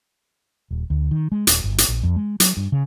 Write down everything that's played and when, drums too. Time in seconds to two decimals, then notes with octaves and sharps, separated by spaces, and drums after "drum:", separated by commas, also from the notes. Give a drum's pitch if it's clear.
0.71 D#1
0.90 D2
1.11 D#3
1.32 G#3
1.47 D#1, drum: hi-hat
1.64 G1
1.78 drum: hi-hat
1.88 A#1
2.03 F2
2.16 G#3
2.40 F#3, drum: hi-hat
2.57 G2
2.72 C#3